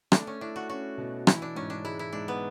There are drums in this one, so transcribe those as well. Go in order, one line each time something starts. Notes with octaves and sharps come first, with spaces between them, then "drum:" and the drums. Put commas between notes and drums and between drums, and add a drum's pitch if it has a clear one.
A3 D4, drum: rim click
C#4
D4 E4
F#4
C#4 F#4
B2
E3 E4, drum: rim click
D4
G#2 C#4
D4
G#3 E4
E4
G#2 D4
B3